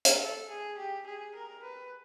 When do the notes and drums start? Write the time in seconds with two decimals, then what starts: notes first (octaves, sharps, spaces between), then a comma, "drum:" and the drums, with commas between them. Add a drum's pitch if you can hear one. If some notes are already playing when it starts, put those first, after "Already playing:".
0.05 drum: hi-hat
0.20 A4
0.49 G#4
0.78 G4
1.06 G#4
1.35 A#4
1.63 B4